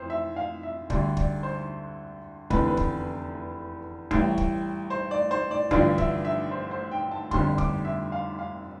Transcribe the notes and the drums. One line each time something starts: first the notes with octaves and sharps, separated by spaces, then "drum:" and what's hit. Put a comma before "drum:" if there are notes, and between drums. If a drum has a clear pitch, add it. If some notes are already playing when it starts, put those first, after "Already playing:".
Already playing: F2 E3 C5
E5
F5
E5
D2 D3 G3 D5, drum: kick
D5, drum: kick
C5
F1 E2 D3 B4, drum: kick
B4
drum: kick
A1 A2 G3, drum: kick
drum: kick
C5
D5
C5
D5
A1 G2 D3 F3 D5, drum: kick
E5, drum: kick
E5
C5
C5
G5
A5
G1 F2 D3 G3 C6, drum: kick
D6, drum: kick
E5
F5
F5